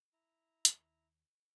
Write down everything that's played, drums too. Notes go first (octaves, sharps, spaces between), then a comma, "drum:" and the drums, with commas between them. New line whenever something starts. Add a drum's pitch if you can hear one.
E4 A#5
D#2, drum: hi-hat